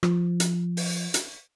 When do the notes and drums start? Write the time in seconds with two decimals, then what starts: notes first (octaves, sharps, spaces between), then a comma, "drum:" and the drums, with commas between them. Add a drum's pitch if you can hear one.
0.03 F3, drum: rim click
0.40 drum: hi-hat
0.77 drum: open hi-hat
1.14 drum: hi-hat